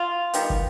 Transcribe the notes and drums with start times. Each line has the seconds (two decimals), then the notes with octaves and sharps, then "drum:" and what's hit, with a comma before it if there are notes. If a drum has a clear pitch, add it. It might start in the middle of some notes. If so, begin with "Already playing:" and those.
Already playing: F4
0.34 D#3 G3 B3, drum: hi-hat
0.50 drum: kick